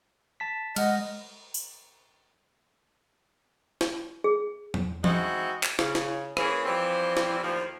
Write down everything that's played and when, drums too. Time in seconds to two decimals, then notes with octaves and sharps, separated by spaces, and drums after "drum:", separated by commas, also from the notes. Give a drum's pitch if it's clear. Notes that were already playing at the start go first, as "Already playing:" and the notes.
0.40 A5 B6
0.76 G#3 D#5 F#5 F6, drum: cymbal
1.54 drum: tambourine
3.81 drum: snare
4.24 G#4
4.74 drum: tom
5.04 G#3 C4 D#4 E4 F#4, drum: tom
5.63 drum: clap
5.79 C#3, drum: snare
5.95 drum: snare
6.37 E3 A#3 C#4 G#4 B4, drum: rim click
6.65 E3 F3 G3 C4
7.17 drum: snare
7.42 D#2 A2 F3